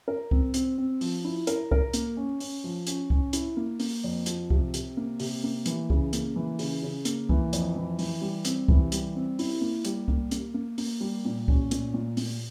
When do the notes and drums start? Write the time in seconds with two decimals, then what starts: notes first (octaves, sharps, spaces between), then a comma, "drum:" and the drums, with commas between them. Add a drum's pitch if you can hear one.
0.08 A#4
0.31 C4, drum: kick C2
0.54 C4, drum: hi-hat
0.78 C4
1.01 F3, drum: open hi-hat
1.25 E4
1.47 A#4, drum: hi-hat
1.71 A#4, drum: kick C2
1.93 A#3, drum: hi-hat
2.17 C#4
2.40 C#4, drum: open hi-hat
2.64 F3
2.87 C#4, drum: hi-hat
3.10 C#4, drum: kick C2
3.33 E4, drum: hi-hat
3.57 A#3
3.80 A#3, drum: open hi-hat
4.04 F2
4.26 F3, drum: hi-hat
4.50 C3, drum: kick C2
4.74 C3, drum: hi-hat
4.97 A#3
5.20 C3, drum: open hi-hat
5.44 A#3
5.66 E3, drum: hi-hat
5.90 C#3, drum: kick C2
6.13 A#3, drum: hi-hat
6.36 E3
6.59 C#3, drum: open hi-hat
6.83 C#3
7.05 A#3, drum: hi-hat
7.29 E3, drum: kick C2
7.53 F2, drum: hi-hat
7.76 E3
7.99 E3, drum: open hi-hat
8.22 G3
8.45 C4, drum: hi-hat
8.68 E3, drum: kick C2
8.92 G3, drum: hi-hat
9.15 C4
9.39 E4, drum: open hi-hat
9.61 A#3
9.85 G3, drum: hi-hat
10.08 A#3, drum: kick C2
10.31 A#3, drum: hi-hat
10.54 A#3
10.78 A#3, drum: open hi-hat
11.01 G3
11.25 A#2
11.48 C#4, drum: kick C2
11.71 A#2, drum: hi-hat
11.94 A#2
12.17 A#2, drum: open hi-hat